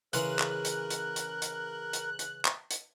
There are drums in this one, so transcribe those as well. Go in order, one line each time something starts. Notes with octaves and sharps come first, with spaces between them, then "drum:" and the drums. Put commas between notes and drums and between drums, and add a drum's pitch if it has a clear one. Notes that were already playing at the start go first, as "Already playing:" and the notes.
C#3 E3 A#4 C6 F#6, drum: hi-hat
drum: clap
drum: hi-hat
drum: hi-hat
drum: hi-hat
drum: hi-hat
drum: hi-hat
drum: hi-hat
drum: clap
drum: hi-hat